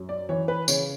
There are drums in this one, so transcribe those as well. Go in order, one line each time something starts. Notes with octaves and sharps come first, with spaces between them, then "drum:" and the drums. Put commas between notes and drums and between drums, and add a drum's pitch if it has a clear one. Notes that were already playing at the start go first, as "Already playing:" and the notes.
Already playing: F#2
D5
E3 C#5
B4
C#3 C#5, drum: tambourine